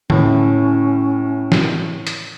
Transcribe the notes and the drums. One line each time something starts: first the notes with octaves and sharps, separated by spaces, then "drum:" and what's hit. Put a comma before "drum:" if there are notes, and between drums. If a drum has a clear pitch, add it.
A2 C#4 E4, drum: tom D3
drum: snare
drum: hi-hat